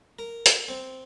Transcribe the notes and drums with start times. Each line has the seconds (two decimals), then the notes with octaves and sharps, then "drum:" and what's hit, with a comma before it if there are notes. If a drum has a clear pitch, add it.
0.19 A#4
0.46 drum: hi-hat
0.69 C4